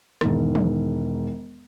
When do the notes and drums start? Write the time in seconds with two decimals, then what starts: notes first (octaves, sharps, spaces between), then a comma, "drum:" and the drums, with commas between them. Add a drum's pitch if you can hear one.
0.21 E1 G#2 D#3, drum: rim click
0.55 drum: tom